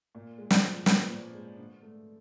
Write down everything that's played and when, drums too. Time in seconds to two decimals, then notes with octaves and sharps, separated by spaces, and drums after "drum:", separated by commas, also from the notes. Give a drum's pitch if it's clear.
0.15 A#2
0.38 G#3
0.51 C5 D5, drum: snare
0.62 F3
0.86 A#2 B4 C#5, drum: snare
1.10 A#2
1.35 G#3
1.58 D3
1.82 A3